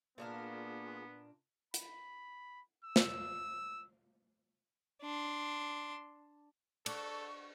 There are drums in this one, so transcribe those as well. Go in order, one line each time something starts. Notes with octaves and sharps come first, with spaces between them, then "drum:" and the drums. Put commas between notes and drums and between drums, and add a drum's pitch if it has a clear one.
A#2 A#3 B3 D4 F4 G#4 A#4
B5, drum: hi-hat
E6
drum: snare
D4 C6
D4 A4 D5 C#6, drum: cymbal